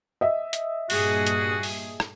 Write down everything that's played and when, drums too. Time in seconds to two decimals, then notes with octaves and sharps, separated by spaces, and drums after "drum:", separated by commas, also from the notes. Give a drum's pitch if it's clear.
0.21 D#5 E5
0.53 drum: hi-hat
0.90 G2 A#2 F#4 G#4, drum: open hi-hat
1.26 drum: hi-hat
1.63 drum: open hi-hat
2.00 drum: rim click